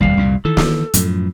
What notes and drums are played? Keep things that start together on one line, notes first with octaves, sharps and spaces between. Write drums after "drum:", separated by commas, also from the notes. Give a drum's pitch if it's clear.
D#1 G#1 D#2 G3 F5
C2 F2 A#2
D#3 E3 A4
drum: snare
F#2 A2 F3, drum: hi-hat